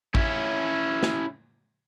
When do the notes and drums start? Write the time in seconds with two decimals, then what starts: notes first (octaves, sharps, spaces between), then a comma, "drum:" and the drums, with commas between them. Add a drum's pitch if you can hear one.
0.15 C#4 E4, drum: kick
1.03 drum: snare